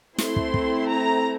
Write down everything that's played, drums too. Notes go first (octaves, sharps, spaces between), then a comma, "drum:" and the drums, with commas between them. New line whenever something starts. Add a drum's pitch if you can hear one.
A3 C4 E4 C6, drum: snare
drum: kick
drum: kick
A#5